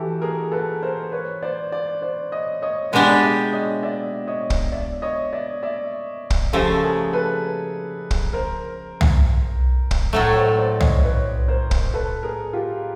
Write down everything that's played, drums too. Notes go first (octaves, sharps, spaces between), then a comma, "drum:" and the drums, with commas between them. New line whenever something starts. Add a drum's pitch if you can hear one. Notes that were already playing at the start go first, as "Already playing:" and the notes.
Already playing: E3 F#4 G4 A4
G#4 A#4
A4 B4
A#4 C5
B4 C#5
C5 D5
C5 D5
C5 D5
C#5 D#5
C#5 D#5
B2 G#3 B3 D4 G4 D5 E5
D5 E5
C#5 D#5
D5 E5
C#5 D#5
drum: kick
D5 E5
C#5 D#5
D5 E5
D5 E5
drum: kick
C#3 F3 A3 G4 A4
G#4 A#4
A4 B4
drum: kick
A#4 C5
drum: tom C2
drum: kick
A2 F#3 A3
C5 D5
C5 D5
C#5 D#5, drum: tom C2
B4 C#5
A#4 C5
drum: kick
A4 B4
G#4 A#4
F4 G4